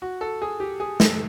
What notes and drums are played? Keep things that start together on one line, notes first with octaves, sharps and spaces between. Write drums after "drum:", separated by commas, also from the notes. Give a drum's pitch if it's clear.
F#4
A4
G#4
G4
G#4
A4, drum: snare